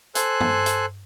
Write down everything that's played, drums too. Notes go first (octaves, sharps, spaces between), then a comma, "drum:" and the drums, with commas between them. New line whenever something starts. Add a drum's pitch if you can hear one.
A4 C5 G#5 F#6, drum: hi-hat
drum: tom
drum: hi-hat